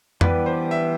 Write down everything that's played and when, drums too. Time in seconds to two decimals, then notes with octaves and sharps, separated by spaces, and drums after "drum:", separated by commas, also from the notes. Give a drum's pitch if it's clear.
0.21 E3 G3 B3 D4 G4 B4, drum: tom F2
0.46 C5
0.71 E5